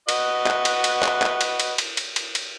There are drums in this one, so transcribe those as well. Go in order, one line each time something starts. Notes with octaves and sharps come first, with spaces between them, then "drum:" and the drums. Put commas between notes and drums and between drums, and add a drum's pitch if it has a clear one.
F#4 B4 D#5, drum: cymbal
drum: clap
drum: cymbal
drum: cymbal
drum: clap
drum: clap
drum: cymbal
drum: cymbal
drum: cymbal
drum: cymbal
drum: cymbal
drum: cymbal